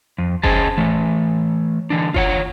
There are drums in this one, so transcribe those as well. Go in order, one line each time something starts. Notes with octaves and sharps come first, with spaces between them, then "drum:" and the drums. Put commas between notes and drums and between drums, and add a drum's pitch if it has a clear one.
F2
C#4 G#4 C5 D#5 A5, drum: kick F#1
E3 A3
D3 E3 D4
F4 C#5 F#5, drum: kick F#1